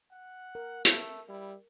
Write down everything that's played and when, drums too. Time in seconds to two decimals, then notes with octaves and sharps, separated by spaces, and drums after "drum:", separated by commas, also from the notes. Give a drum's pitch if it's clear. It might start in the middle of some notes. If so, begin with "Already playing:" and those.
0.12 F#5
0.55 A#4
0.85 A3, drum: hi-hat
1.29 G3 E4